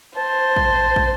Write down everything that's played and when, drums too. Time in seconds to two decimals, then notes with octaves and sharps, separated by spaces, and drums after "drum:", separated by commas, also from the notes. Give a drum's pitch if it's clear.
0.17 C5 A5
0.56 drum: kick
0.96 drum: kick